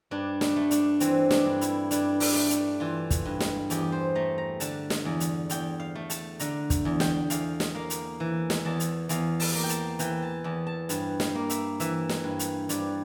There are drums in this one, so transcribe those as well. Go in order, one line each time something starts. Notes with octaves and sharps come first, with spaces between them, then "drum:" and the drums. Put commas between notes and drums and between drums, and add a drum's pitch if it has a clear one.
G2 D4
D4, drum: snare
A3
D4, drum: hi-hat
E3 C4, drum: hi-hat
D4, drum: snare
G2
E4, drum: hi-hat
G2 D4, drum: hi-hat
D4, drum: open hi-hat
A3
D4, drum: hi-hat
E3 F4
drum: kick, hi-hat
G2
drum: snare
E2 G4, drum: hi-hat
C5
A3 A#5
A#5
D3 A5, drum: hi-hat
drum: snare
E2
drum: hi-hat
E2 G5, drum: hi-hat
F5
A3
A5, drum: hi-hat
D3 A#5, drum: hi-hat
drum: kick, hi-hat
E2
G5, drum: snare
E2 F5, drum: hi-hat
drum: snare
A#3 F5
drum: hi-hat
E3
drum: snare
E2 A5
drum: hi-hat
E2 F5, drum: hi-hat
A5, drum: open hi-hat
A#3
G5
A5, drum: hi-hat
E3 G5, drum: hi-hat
A5
E2 A5
A5
G2 A5, drum: hi-hat
F5, drum: snare
A#3
E5, drum: hi-hat
E3 E5, drum: hi-hat
drum: snare
G2
drum: hi-hat
G2 D5, drum: hi-hat